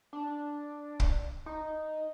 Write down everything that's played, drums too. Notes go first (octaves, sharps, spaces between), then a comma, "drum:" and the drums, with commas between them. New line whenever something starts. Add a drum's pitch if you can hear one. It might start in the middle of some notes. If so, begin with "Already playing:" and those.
D4
drum: kick
D#4